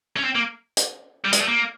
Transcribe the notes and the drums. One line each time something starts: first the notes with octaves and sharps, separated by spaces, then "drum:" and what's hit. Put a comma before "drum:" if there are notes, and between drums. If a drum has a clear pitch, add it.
C#4
C4
A#3
drum: hi-hat
G3
G#3, drum: hi-hat
A3
A#3